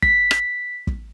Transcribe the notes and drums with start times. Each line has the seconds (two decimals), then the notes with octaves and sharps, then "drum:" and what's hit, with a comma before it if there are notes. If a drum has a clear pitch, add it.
0.03 B6, drum: kick
0.31 drum: rim click
0.87 drum: kick